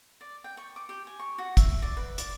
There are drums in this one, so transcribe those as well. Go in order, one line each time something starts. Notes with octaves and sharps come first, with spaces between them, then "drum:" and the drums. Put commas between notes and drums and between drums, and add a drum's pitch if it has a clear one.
D5
G5
C#6
D6
G4
G#5
C#6
F#4
E5, drum: kick, hi-hat
D5
B4
D5, drum: hi-hat